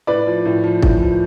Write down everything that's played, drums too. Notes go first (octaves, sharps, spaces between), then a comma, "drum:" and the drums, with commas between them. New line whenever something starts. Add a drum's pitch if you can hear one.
A2 B4 D5
F3
A2
F3
A2, drum: kick
F3